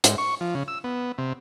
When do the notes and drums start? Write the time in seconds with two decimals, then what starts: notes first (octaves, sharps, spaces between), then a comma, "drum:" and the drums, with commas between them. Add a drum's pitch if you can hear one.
0.04 G#2, drum: hi-hat
0.18 C#6
0.41 F3
0.55 C#3
0.68 E6
0.84 B3
1.18 C3